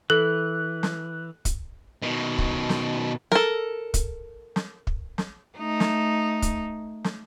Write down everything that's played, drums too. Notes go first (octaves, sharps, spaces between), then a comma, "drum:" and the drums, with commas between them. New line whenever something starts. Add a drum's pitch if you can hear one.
E3 A4 F#6
drum: snare
drum: kick, hi-hat
B2 D#3
drum: kick
drum: snare
A4 A#4, drum: snare
drum: kick, hi-hat
drum: snare
drum: kick
drum: snare
A3 D#4
drum: snare
drum: kick, hi-hat
drum: snare